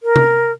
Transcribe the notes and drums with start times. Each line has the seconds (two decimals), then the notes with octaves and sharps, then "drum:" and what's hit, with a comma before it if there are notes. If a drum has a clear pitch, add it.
0.03 A#4
0.16 drum: tom C3